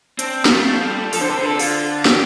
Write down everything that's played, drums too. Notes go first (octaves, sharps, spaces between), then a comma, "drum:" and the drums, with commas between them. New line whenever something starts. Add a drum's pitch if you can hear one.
C4 D4, drum: hi-hat
G4, drum: snare
A3 F4
F3
G3 A4
F3 A4, drum: open hi-hat
D3 C5
C3 A4
D3 C5
A4
F4, drum: open hi-hat
G4, drum: snare